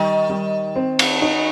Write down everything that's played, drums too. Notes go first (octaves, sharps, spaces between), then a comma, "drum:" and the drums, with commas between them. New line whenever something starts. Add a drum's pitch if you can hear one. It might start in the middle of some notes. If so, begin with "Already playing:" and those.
Already playing: D#3 G3
G3
C4
drum: cymbal
D#4